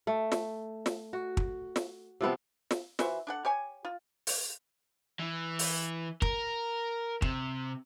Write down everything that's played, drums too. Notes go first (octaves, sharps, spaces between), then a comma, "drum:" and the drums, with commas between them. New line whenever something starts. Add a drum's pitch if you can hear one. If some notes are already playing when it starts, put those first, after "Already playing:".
A3
drum: snare
drum: snare
F#4
drum: kick
drum: snare
C3 F3 B3 C4
drum: snare
E3 F#4 C5 E5, drum: snare
D4 A4 F#5
G4 C#5 G#5
F4
drum: open hi-hat
E3
drum: open hi-hat
A#4, drum: kick
C3, drum: kick